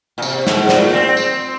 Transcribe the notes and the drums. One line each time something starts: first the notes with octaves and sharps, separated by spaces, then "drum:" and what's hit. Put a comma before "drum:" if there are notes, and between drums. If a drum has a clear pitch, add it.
A#2
C3, drum: tambourine
G#2, drum: snare
A#2, drum: snare
C4
drum: tambourine